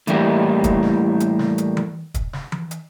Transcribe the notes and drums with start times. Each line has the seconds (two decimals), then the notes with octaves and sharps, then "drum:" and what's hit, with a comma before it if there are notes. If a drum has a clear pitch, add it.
0.07 A2 E3 G3 A#3 G4, drum: hi-hat
0.64 drum: kick, hi-hat
0.83 drum: snare
1.20 drum: hi-hat
1.39 drum: snare
1.58 drum: hi-hat
1.77 drum: tom E3
2.14 drum: kick, hi-hat
2.33 drum: snare
2.52 drum: tom E3
2.71 drum: hi-hat